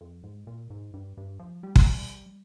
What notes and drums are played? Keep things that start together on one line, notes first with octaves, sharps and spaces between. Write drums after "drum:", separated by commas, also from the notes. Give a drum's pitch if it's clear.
F2
G#2
A#2
G#2
G2
G2
F3
G3
drum: kick